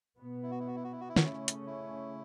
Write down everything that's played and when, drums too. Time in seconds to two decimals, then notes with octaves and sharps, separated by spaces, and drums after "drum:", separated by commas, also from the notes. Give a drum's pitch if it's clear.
0.18 B2 B3
0.43 E4
0.51 F#4
0.60 E4
0.67 F#4
0.75 E4
0.84 F#4
0.92 E4
1.00 F#4
1.09 E4
1.16 C#3 A3 C#4 F#4, drum: snare
1.25 E4
1.48 drum: hi-hat
1.67 E4